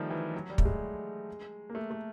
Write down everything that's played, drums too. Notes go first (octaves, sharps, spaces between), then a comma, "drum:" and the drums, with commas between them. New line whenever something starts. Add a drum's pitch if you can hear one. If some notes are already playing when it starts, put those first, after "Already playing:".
Already playing: D#3 F3 G3 A3
E3
F#3
G3
A3, drum: kick
G#3
A#3
A3
A3